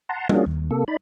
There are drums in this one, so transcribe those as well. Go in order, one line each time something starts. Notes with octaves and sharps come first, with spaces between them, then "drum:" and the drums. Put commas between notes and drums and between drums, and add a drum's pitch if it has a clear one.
F#5 A5 A#5 C6
A#3 C#4 D4 F4 F#4 G#4, drum: tom G3
D#2
C3 A#3 A4
D#4 D5 B5